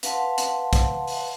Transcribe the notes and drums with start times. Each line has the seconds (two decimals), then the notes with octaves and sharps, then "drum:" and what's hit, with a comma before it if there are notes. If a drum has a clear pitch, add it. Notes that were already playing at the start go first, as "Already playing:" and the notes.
0.03 B4 F5 F#5 A5 C6, drum: hi-hat
0.38 drum: hi-hat
0.73 drum: kick, hi-hat
1.08 drum: open hi-hat